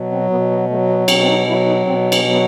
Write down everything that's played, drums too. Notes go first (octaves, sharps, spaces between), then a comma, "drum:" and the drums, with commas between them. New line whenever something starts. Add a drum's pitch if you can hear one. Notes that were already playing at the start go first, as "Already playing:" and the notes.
Already playing: B2 F#3
C4
B2 B3
B3
F#3 A3
B3
B2 C4, drum: cymbal
C4
D#4
F#3 E4
D#4
B2 C4
B3, drum: cymbal
F#3
B3